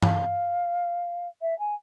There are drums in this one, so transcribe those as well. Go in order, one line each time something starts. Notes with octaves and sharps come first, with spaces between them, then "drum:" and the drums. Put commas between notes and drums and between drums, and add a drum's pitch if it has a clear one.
F5, drum: tom G2
E5
G#5